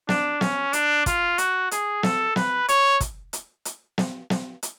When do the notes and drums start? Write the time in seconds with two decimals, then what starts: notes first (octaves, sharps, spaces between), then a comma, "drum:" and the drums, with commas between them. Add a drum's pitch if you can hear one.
0.09 D4, drum: snare
0.41 C#4, drum: snare
0.73 D4, drum: hi-hat
1.06 F4, drum: kick, hi-hat
1.38 F#4, drum: hi-hat
1.71 G#4, drum: hi-hat
2.03 A4, drum: snare
2.36 B4, drum: snare
2.69 C#5, drum: hi-hat
3.00 drum: kick, hi-hat
3.33 drum: hi-hat
3.65 drum: hi-hat
3.98 drum: snare
4.30 drum: snare
4.63 drum: hi-hat